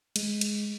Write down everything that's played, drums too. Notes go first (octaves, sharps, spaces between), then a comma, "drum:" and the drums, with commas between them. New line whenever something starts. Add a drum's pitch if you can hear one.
G#3, drum: cymbal
drum: cymbal